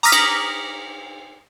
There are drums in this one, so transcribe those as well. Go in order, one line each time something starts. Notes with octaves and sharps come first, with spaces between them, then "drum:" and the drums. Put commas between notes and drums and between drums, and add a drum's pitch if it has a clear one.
A#5 D6 D#6 F6 A#6 B6
drum: cymbal